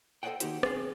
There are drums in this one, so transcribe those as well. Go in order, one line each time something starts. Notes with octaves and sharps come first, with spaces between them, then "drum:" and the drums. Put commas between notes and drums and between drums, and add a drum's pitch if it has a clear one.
A4 C5 D5 D#5 F#5 G5
D#3 A#3 D#4 F#4 G4 C5, drum: hi-hat
B1 C4 G#4, drum: rim click